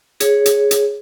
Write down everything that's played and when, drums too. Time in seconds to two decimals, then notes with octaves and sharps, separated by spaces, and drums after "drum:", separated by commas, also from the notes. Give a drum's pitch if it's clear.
0.20 G#4 C#5, drum: hi-hat
0.46 drum: hi-hat
0.71 drum: hi-hat